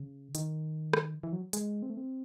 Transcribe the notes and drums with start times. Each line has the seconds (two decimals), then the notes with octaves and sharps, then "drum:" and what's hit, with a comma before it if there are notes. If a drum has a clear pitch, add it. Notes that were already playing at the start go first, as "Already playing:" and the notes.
Already playing: C#3
0.35 D#3, drum: hi-hat
0.93 drum: rim click
1.23 E3
1.33 F#3
1.53 G#3, drum: hi-hat
1.83 C4
1.90 A3
1.97 C4